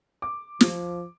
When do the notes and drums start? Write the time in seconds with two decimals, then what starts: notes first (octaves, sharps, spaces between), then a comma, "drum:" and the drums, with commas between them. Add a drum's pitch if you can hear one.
0.22 D6
0.61 F3, drum: snare